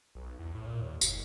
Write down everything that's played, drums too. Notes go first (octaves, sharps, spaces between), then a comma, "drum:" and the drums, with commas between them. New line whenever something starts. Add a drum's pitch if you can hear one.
B1
E2
A2
A#2
D#2
F#1, drum: tambourine